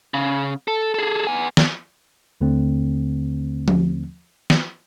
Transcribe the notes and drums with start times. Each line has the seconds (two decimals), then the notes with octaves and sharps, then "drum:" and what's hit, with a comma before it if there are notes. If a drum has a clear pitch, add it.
0.14 C#3
0.68 A4
0.94 G#4 A4
1.27 B3 G#5
1.57 drum: snare
2.41 D#2 D3 A3 C4
3.68 drum: tom F3
4.50 drum: snare